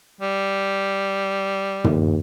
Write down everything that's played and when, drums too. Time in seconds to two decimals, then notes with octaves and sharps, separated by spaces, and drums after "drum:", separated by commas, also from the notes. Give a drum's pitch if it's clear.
0.21 G3
1.84 D#2, drum: tom